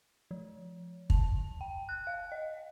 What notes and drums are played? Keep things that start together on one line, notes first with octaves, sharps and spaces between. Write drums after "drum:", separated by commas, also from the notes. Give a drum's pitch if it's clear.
F3
A5, drum: kick
G5
F#6
F5
D#5